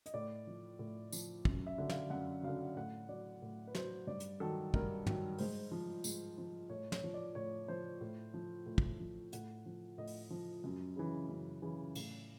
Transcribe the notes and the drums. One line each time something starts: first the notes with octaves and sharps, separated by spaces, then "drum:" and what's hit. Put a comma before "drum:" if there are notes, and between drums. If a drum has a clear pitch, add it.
D#5, drum: hi-hat
A2 D5
F3
A2
F3, drum: tambourine
F#2, drum: kick
E5
D3 F#3
F5, drum: snare
F#2 F#5
D3 F#3 F5
A2 F#5
F#3 D5
A2
B4
F#3 C5, drum: snare
G2 D5
drum: hi-hat
D#3 F#3 A4
G2 A#4, drum: kick
D#3 F#3, drum: tom
G#2 C5, drum: open hi-hat
F3
G#2, drum: tambourine
F3
A2 C#5
C#5, drum: snare
F3
D5
A2 C#5
F3 C5
A2
F3
A2
drum: kick
F3
A2 F#5, drum: hi-hat
F3
A2 D#5
drum: open hi-hat
F3
F#2
C#3 E3
F#2
C#3 E3
A2, drum: cymbal